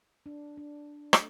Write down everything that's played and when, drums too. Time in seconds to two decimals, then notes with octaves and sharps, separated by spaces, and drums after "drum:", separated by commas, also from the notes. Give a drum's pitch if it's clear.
0.26 D4
0.57 D4
1.13 A3, drum: rim click